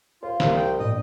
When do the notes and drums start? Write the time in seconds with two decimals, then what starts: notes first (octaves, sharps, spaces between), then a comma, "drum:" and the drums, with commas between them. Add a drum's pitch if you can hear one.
0.23 F4 C5
0.40 C2, drum: snare
0.56 G5
0.79 A#1 D5 D#5 D#6